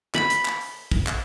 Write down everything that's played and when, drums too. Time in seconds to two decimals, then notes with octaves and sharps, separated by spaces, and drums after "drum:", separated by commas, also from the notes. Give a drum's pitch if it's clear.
0.15 B5, drum: clap
0.30 drum: hi-hat
0.45 drum: clap
0.61 drum: open hi-hat
0.91 drum: kick, open hi-hat
1.07 drum: clap